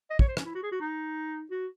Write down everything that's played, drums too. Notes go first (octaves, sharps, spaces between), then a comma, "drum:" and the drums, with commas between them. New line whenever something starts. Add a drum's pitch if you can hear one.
D#5
C#5, drum: kick
C5
C#4, drum: rim click
E4
F#4
G#4
F#4
D#4
F#4